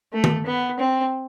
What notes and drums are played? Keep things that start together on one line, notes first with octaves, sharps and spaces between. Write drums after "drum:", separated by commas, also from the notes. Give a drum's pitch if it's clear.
A3
drum: tom D#3
B3
C4